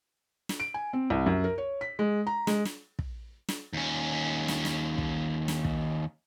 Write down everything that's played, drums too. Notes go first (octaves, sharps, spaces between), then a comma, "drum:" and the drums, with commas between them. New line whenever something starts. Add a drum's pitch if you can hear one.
drum: snare
D7
G#5
C4
C2
F#2
A#4
C#5
B6
G#3
A#5
G#3, drum: snare
drum: snare
drum: kick
drum: snare
D#2 C#4
drum: snare
drum: snare
drum: kick
drum: snare
drum: kick